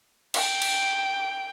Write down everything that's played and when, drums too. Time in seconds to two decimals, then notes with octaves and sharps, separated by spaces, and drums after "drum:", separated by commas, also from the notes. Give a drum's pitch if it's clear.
0.34 G5, drum: cymbal
0.62 drum: cymbal